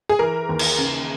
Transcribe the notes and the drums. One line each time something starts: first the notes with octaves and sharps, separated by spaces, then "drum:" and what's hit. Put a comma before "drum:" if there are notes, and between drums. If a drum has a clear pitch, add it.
G#4
E3 A#4
D#2
drum: cymbal
C#3